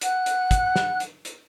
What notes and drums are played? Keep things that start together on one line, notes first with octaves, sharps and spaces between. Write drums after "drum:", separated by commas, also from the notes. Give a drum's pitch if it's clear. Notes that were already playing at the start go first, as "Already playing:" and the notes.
F#5 F#6, drum: hi-hat
drum: hi-hat
drum: kick, hi-hat
drum: snare
drum: hi-hat
drum: hi-hat